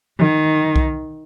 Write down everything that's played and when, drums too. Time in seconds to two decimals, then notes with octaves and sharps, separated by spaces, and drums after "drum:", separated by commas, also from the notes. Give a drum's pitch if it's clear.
0.18 D#3
0.76 drum: kick B1